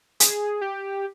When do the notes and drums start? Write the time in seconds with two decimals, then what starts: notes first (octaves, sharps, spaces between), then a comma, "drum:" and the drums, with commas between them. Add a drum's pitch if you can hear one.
0.20 G#4, drum: hi-hat
0.61 G4